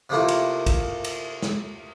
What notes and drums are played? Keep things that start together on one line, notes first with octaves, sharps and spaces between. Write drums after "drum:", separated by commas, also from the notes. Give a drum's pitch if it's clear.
C3 A3 A#3 E4 F4
drum: cymbal
drum: kick, cymbal
drum: cymbal
drum: snare